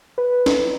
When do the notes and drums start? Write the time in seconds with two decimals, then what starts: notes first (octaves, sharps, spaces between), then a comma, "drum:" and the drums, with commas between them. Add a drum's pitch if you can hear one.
0.18 B4
0.46 drum: snare